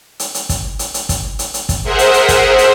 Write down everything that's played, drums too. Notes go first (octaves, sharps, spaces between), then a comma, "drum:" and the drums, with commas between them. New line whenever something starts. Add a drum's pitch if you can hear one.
drum: hi-hat
drum: hi-hat
drum: kick, hi-hat
drum: hi-hat
drum: hi-hat
drum: kick, hi-hat
drum: hi-hat
drum: hi-hat
drum: kick, hi-hat
G#4 A#4 C5 E5 F#5
drum: hi-hat
drum: hi-hat
drum: kick, hi-hat
drum: hi-hat